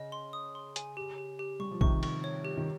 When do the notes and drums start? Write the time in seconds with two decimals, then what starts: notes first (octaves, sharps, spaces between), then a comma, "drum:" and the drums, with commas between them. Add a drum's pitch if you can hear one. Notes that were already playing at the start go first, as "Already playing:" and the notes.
Already playing: C#3 D#5
0.12 C6
0.33 D#6
0.55 C6
0.76 G#5, drum: hi-hat
0.97 G4
1.18 G4
1.39 G4
1.60 G3 C#6
1.71 F3
1.81 C3 D#3 C#6, drum: kick
2.03 C#6, drum: cymbal
2.24 C#5
2.45 G4
2.57 D#3